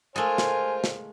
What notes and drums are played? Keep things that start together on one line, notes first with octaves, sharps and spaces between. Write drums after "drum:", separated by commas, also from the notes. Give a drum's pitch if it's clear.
G#3 A3 F4 A#4 C5 G#5
drum: snare
drum: snare